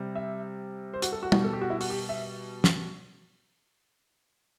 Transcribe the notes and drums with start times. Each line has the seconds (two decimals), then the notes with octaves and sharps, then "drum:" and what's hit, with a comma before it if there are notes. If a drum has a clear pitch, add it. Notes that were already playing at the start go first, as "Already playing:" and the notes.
Already playing: C3 G3
0.15 E5
0.94 C5
1.02 F#4, drum: hi-hat
1.12 A4
1.23 F#4
1.32 B2 G3, drum: tom
1.44 A4
1.53 G4
1.61 F#4
1.70 E4
1.81 F#4, drum: open hi-hat
1.90 G4
2.09 E5
2.64 drum: snare